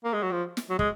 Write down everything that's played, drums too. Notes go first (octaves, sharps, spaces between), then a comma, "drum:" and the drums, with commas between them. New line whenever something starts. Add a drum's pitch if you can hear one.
A#3
G#3
F#3
F3
drum: snare
F#3
G#3, drum: kick